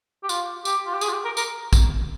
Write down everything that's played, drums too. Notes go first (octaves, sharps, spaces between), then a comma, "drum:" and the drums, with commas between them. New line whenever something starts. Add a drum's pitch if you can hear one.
G4
F4, drum: tambourine
G4, drum: tambourine
F4
G4
G#4, drum: tambourine
F4
G4
A#4
A#4, drum: tambourine
drum: kick A#1, tambourine